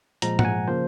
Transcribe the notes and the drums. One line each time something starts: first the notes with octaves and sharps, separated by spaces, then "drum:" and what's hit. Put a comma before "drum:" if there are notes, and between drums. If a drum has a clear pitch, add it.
A#2 F3 G#3 A#5, drum: hi-hat
F#5, drum: tom G#2
G#5
C#3 F3 A#3 C5